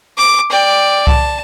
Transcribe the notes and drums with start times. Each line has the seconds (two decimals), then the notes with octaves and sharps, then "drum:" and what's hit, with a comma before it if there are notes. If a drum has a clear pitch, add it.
0.18 D6
0.50 D5 G5
1.07 A5, drum: kick C2